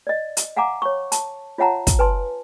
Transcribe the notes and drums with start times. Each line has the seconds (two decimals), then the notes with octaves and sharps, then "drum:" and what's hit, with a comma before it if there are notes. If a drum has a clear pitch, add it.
0.07 D5 D#5
0.37 drum: hi-hat
0.57 F5 F#5 G#5 A#5 D6
0.82 C#5 C#6
1.12 A5, drum: hi-hat
1.58 F4 C#5 E5 F#5 A5 A#5
1.87 drum: kick, hi-hat
1.99 B4 G#5 A5 C6